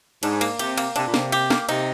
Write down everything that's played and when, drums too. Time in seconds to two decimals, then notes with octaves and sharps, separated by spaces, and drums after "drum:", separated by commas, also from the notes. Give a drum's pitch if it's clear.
0.23 G#2 D4, drum: cymbal
0.41 A#3, drum: cymbal
0.59 C3 G4, drum: cymbal
0.78 A#3, drum: cymbal
0.96 C3 D4, drum: cymbal
1.06 A#2
1.14 C3 A#3, drum: snare
1.32 G4, drum: cymbal
1.50 A#3, drum: snare
1.69 C3 D#4, drum: cymbal